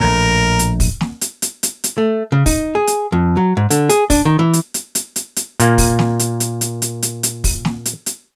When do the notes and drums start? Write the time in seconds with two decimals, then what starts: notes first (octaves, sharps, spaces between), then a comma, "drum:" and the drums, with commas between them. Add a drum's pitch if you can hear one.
0.01 A#1 A2 A#4
0.59 drum: hi-hat
0.80 drum: kick, open hi-hat
1.01 drum: snare
1.21 drum: hi-hat
1.42 drum: hi-hat
1.63 drum: hi-hat
1.84 drum: hi-hat
1.98 A3
2.32 C#3
2.46 D#4, drum: kick, open hi-hat
2.75 G#4
2.87 drum: hi-hat
3.12 F2
3.37 F#3
3.57 G#2
3.70 D3, drum: hi-hat
3.89 G#4, drum: hi-hat
4.10 D4, drum: kick, open hi-hat
4.25 D#3
4.39 E3
4.53 drum: hi-hat
4.74 drum: hi-hat
4.95 drum: hi-hat
5.16 drum: hi-hat
5.36 drum: hi-hat
5.60 A#2 A#3, drum: hi-hat
5.78 drum: kick, open hi-hat
5.99 drum: snare
6.19 drum: hi-hat
6.40 drum: hi-hat
6.61 drum: hi-hat
6.82 drum: hi-hat
7.02 drum: hi-hat
7.23 drum: hi-hat
7.44 drum: kick, open hi-hat
7.65 drum: snare
7.85 drum: hi-hat
8.06 drum: hi-hat